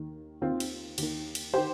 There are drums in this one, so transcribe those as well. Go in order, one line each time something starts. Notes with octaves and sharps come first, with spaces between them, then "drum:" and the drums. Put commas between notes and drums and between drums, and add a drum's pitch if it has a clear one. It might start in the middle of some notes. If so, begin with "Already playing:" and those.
Already playing: D#2 D#3
D#2 D#3 C4 F4
drum: cymbal
D#2 D#3, drum: cymbal
drum: cymbal
D#3 G4 C5